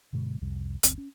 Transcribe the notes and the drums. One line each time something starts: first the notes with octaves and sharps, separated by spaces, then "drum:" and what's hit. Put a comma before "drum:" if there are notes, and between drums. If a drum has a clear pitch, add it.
G2 B2 D3 G#3
C2 F2 C3 G3
G1 D2 C4, drum: hi-hat
C#4